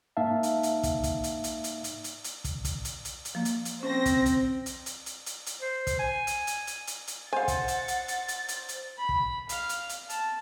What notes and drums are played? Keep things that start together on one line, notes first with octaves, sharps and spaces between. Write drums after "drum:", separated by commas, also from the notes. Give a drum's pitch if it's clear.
G#2 A#3 D#4 E5 F5 A5
drum: hi-hat
drum: hi-hat
drum: kick, hi-hat
drum: kick, hi-hat
drum: hi-hat
drum: hi-hat
drum: hi-hat
drum: hi-hat
drum: hi-hat
drum: hi-hat
drum: kick, hi-hat
drum: kick, hi-hat
drum: hi-hat
drum: hi-hat
drum: hi-hat
F3 A#3
drum: hi-hat
drum: hi-hat
C4 C#4 C5 A#6
drum: kick, hi-hat
drum: kick, hi-hat
drum: hi-hat
drum: hi-hat
drum: hi-hat
drum: hi-hat
drum: hi-hat
C5
drum: kick, hi-hat
G#5
drum: hi-hat
drum: hi-hat
drum: hi-hat
drum: hi-hat
drum: hi-hat
C5 F5 F#5 G#5 A6
drum: kick, hi-hat
drum: hi-hat
drum: hi-hat
drum: hi-hat
drum: hi-hat
drum: hi-hat
drum: hi-hat
B5
drum: kick
F5, drum: hi-hat
drum: hi-hat
drum: hi-hat
A5, drum: hi-hat